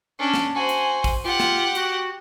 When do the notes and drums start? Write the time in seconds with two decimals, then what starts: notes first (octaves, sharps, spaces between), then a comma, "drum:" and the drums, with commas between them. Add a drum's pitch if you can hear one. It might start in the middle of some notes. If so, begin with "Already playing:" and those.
0.19 C#4 D4
0.34 drum: snare
0.55 F#4 C5 G#5
0.69 drum: hi-hat
1.04 drum: kick, open hi-hat
1.24 F4 G4 F#5
1.40 drum: snare
1.75 F#4, drum: hi-hat